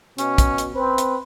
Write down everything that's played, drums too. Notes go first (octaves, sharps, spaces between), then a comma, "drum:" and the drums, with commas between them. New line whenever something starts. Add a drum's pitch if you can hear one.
B2 C#4, drum: hi-hat
drum: kick, hi-hat
drum: hi-hat
C4 B4
drum: hi-hat